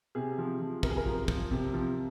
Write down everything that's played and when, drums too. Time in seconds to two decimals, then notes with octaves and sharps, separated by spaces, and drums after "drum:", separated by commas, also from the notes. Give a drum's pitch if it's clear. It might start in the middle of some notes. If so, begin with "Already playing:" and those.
0.15 C3 G#4
0.38 F3
0.61 F3
0.83 C3 A#4, drum: kick
0.90 G#4
0.97 A#4
1.06 F3
1.28 F3, drum: kick
1.51 C3
1.73 F3